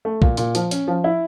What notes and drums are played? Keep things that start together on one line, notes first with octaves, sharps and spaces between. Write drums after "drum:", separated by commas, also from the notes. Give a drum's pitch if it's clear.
A3
A#2, drum: kick
A#2, drum: hi-hat
F3, drum: hi-hat
C#4, drum: hi-hat
F3
E4